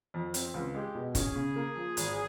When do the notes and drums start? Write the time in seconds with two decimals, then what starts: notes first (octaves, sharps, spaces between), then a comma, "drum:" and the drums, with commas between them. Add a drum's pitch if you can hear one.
0.14 F2
0.34 C4, drum: hi-hat
0.54 C#2
0.75 G#3 G4
0.95 B2
1.15 C#4 G#4, drum: kick, hi-hat
1.36 C#3
1.56 A#3
1.76 F3
1.97 G#1, drum: hi-hat